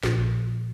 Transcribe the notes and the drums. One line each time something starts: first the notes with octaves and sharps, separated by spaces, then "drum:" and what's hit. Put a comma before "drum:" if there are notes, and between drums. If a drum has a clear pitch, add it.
A#1, drum: snare